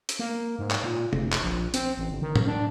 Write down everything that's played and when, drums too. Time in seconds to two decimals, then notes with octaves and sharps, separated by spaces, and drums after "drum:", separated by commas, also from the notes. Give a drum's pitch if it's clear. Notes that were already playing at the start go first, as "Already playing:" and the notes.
0.09 drum: hi-hat
0.19 A#3
0.59 G#2
0.71 drum: clap
0.84 A#2
1.13 F1, drum: tom
1.32 drum: clap
1.42 A#1
1.74 C4, drum: hi-hat
1.98 A1
2.10 G1
2.22 D#3
2.36 drum: tom A2
2.47 D4